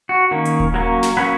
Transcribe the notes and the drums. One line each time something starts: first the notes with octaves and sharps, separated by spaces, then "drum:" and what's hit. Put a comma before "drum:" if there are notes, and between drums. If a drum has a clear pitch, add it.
F#4
D#3 A#3 C#4
drum: hi-hat
drum: kick D#1
F#3 A#3 C#4
drum: snare
F#3 A#3 C#4 B4